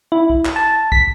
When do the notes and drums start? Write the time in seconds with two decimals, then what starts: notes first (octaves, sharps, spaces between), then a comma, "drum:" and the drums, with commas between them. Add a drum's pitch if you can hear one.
0.12 E4
0.30 drum: kick
0.45 drum: clap
0.56 A5
0.92 B6, drum: kick